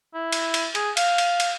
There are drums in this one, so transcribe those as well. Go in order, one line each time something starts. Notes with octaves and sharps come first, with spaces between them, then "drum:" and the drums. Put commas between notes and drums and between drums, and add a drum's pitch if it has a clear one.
E4
drum: cymbal
drum: cymbal
G#4, drum: cymbal
F5, drum: cymbal
drum: cymbal
drum: cymbal